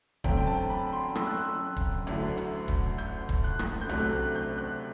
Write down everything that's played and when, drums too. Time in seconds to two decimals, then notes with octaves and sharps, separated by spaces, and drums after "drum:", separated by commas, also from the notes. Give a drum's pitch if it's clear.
0.24 F#2 D3 A3 C4 G5, drum: kick D1, hi-hat
0.37 G5
0.47 A5
0.70 B5
0.93 C6
1.15 E6, drum: rim click
1.27 F#6
1.37 E6
1.76 drum: kick D1, hi-hat
2.07 D2 D3 F#3 A3 E4, drum: hi-hat
2.37 drum: hi-hat
2.68 drum: kick D1, hi-hat
2.98 G6, drum: hi-hat
3.29 drum: kick D1, hi-hat
3.44 F#6
3.59 drum: rim click
3.81 G6
3.89 D2 C3 F#3 A3 D4 F#6, drum: tom B1
4.13 F#6
4.35 G6
4.58 F#6